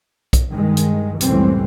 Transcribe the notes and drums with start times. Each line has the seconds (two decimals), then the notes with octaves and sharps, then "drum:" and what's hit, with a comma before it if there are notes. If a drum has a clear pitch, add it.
0.33 drum: kick B1, hi-hat
0.49 G2 D#3 G#3
0.77 drum: hi-hat
1.20 C#2 F#2 A2 E3 G3 C4, drum: hi-hat